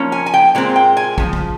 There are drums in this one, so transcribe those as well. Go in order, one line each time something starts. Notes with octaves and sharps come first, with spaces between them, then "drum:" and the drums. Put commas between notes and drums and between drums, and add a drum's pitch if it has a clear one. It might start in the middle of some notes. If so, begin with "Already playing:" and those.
Already playing: F3 A#3 C#4
G#5
G#5
G5
A#2 G#3 C4
G5
G#5
C#3 F3, drum: kick
drum: kick